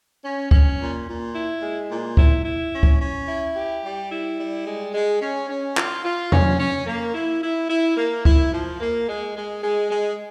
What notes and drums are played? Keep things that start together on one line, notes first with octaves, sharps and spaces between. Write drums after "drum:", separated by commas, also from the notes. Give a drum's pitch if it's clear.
C#4
C#4, drum: kick C#2
A#2
A#2
E4
G#3
A#2
E4, drum: kick C#2
E4
C#4
drum: kick C#2
C#4
E4
G4
G3
E4
G3
G#3
G#3
C#4
C#4
F4, drum: clap
F4
C#4, drum: tom E2
C#4
A#3
E4
E4
E4
A#3
E4, drum: kick C#2
F3
A#3
G#3
G#3
G#3
G#3